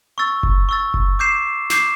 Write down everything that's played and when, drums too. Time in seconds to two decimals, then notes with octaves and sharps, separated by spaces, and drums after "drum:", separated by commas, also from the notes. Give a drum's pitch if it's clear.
0.18 C#6 E6 A6
0.43 drum: kick F#1
0.69 C#6 E6 A6
0.94 drum: kick F#1
1.19 D6 G6 C7 E7
1.70 D6 G6 C7 E7, drum: snare